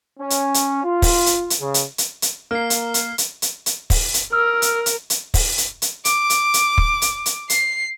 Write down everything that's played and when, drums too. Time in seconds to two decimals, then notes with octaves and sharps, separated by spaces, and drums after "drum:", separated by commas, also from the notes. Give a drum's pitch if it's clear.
0.19 C#4
0.30 drum: hi-hat
0.54 drum: hi-hat
0.84 F4
1.02 drum: kick, open hi-hat
1.26 drum: hi-hat
1.50 drum: hi-hat
1.59 C#3
1.74 drum: hi-hat
1.98 drum: hi-hat
2.22 drum: hi-hat
2.51 A#3 A#4 F6 C7
2.70 drum: hi-hat
2.94 drum: hi-hat
3.18 drum: hi-hat
3.42 drum: hi-hat
3.66 drum: hi-hat
3.90 drum: kick, open hi-hat
4.14 drum: hi-hat
4.33 A#4 E6 F6
4.62 drum: hi-hat
4.86 drum: hi-hat
5.10 drum: hi-hat
5.34 drum: kick, open hi-hat
5.58 drum: hi-hat
5.82 drum: hi-hat
6.05 D6, drum: hi-hat
6.30 drum: hi-hat
6.54 drum: hi-hat
6.78 drum: kick
7.02 drum: hi-hat
7.26 drum: hi-hat
7.50 C7, drum: hi-hat